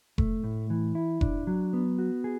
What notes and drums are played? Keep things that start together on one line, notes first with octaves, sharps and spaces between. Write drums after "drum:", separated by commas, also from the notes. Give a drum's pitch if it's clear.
A3, drum: kick F1
A2
E3
E4
D4, drum: kick F1
F#3
B3
F#4
G#4